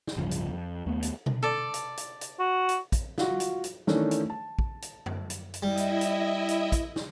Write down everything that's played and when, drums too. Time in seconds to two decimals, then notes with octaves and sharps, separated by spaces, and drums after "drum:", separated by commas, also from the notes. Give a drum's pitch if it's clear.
0.07 drum: snare
0.17 D1 G2 C#3 F3
0.31 drum: hi-hat
0.49 F2
0.86 D#2 A3 B3
1.02 drum: hi-hat
1.26 drum: tom B2
1.43 A4 D5
1.74 drum: hi-hat
1.97 drum: hi-hat
2.21 drum: hi-hat
2.39 F#4
2.69 drum: hi-hat
2.92 drum: kick, hi-hat
3.18 F4 F#4, drum: snare
3.40 drum: hi-hat
3.64 drum: hi-hat
3.87 D#3 E3 A3 C#4 D4, drum: snare
4.11 drum: hi-hat
4.30 A5
4.59 drum: kick
4.82 drum: hi-hat
5.06 drum: tom
5.30 drum: hi-hat
5.54 drum: hi-hat
5.63 G3 E4 D#5 E5
5.77 drum: hi-hat
6.01 drum: hi-hat
6.48 drum: hi-hat
6.72 drum: kick, hi-hat
6.96 drum: snare